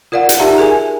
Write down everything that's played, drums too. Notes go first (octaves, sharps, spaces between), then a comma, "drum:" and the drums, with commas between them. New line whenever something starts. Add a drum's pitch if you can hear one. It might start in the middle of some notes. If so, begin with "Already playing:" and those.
F4 A#4 D5 F5 F#5
drum: hi-hat
D#4 G4 E5 A5 A#5
G#4 A#4 E5 G#5